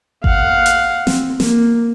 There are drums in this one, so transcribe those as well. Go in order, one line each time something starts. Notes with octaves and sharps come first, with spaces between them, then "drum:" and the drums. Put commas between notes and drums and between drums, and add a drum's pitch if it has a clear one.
F5 F#5, drum: kick G1
drum: hi-hat
C4, drum: snare
A#3, drum: snare